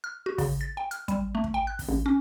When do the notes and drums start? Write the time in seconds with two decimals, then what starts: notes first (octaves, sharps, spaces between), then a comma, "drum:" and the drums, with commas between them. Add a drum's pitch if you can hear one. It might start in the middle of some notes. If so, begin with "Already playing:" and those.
0.04 F6
0.26 F#4
0.38 C#3, drum: kick, open hi-hat
0.61 A6
0.77 G5
0.91 F6, drum: hi-hat
1.08 G3, drum: kick, hi-hat
1.35 A3
1.44 drum: kick
1.54 G5
1.67 F#6
1.79 drum: kick, open hi-hat
1.89 A1
2.06 C#4